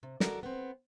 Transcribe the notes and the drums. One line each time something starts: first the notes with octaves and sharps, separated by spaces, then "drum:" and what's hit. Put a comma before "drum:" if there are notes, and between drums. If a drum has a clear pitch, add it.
C3
F#4 A4 A#4 D5, drum: snare
B3 C4